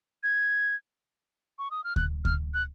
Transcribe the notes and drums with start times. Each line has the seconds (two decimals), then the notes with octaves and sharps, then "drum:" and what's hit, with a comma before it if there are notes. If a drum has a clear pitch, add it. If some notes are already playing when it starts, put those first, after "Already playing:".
0.23 G#6
1.59 C#6
1.71 D#6
1.84 F6
1.96 F#6, drum: kick D2
2.25 F6, drum: kick D2
2.54 F#6